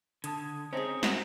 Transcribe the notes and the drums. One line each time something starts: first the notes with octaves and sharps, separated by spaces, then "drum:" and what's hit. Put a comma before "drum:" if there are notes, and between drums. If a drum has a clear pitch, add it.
D3 A5 D#6 G#6, drum: hi-hat
C4 C#4 D#4 G#4 C5 D#5
F#4 A#4, drum: snare